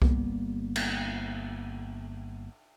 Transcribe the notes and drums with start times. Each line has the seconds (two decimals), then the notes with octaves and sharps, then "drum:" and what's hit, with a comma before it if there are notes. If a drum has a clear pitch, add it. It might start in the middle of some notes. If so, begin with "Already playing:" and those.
0.02 G1 G3 A#3 B3, drum: kick C2
0.76 drum: cymbal